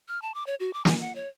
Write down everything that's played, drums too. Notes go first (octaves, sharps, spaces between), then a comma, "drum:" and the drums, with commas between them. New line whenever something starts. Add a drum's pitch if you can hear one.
F6
A5
D6
C#5
F#4
D6
G#5, drum: snare
F#5
C#5